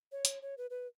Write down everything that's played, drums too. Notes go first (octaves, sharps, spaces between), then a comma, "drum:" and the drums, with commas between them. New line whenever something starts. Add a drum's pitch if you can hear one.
C#5
drum: hi-hat
C#5
B4
B4